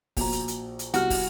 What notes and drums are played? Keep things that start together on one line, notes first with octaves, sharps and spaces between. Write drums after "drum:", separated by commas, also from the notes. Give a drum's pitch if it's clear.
A#1 F#4 A#5, drum: kick, open hi-hat
drum: hi-hat
drum: hi-hat
drum: hi-hat
C2 F#4 F6, drum: hi-hat
drum: kick, open hi-hat